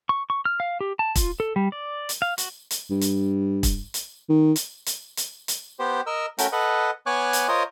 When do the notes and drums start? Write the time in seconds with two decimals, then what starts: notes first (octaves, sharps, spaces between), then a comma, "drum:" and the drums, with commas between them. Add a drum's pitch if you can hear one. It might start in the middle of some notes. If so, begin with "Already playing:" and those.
0.09 C#6
0.30 C#6
0.45 F6
0.60 F5
0.81 G4
0.99 A5
1.15 F4, drum: kick E1, hi-hat
1.40 A4
1.56 G3
1.72 D5
2.09 drum: hi-hat
2.22 F5
2.38 F#4, drum: hi-hat
2.71 drum: hi-hat
2.91 G2
3.01 drum: hi-hat
3.63 drum: kick E1, hi-hat
3.94 drum: hi-hat
4.30 D#3
4.56 drum: hi-hat
4.86 drum: hi-hat
5.17 drum: hi-hat
5.48 drum: hi-hat
5.79 B3 G4 C5
6.06 A#4 D#5 E6
6.38 A3 C#4 F#4 A#4 G5, drum: hi-hat
6.52 A4 B4 D#5 F#5
7.06 B3 C#5 G#5 C#6 D6 F#6
7.33 drum: hi-hat
7.48 F4 A#4 C5 C#5 D#5 D#6